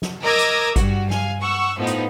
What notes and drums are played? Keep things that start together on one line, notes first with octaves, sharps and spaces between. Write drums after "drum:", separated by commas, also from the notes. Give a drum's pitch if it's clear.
drum: snare
A#4 D#5 D6 E6 G#6 A#6
drum: hi-hat
G2 F#4, drum: kick G#1, hi-hat
F5 G#5, drum: snare
F#5 C#6 E6
A2 F3 B3 D#4
drum: hi-hat